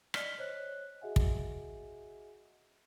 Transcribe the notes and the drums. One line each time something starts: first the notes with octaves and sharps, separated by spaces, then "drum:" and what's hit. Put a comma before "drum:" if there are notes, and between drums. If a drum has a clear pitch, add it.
D5 D#5 F6 B6 G7, drum: rim click
C5 C#5 D#5 F#6
F#4 G#4 D#5 E5 F#5 G#5
drum: kick